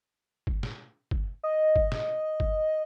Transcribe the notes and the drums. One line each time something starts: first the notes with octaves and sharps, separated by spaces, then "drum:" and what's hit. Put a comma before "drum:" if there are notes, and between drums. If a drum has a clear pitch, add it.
drum: kick
drum: snare
drum: kick
D#5
drum: kick
drum: snare
drum: kick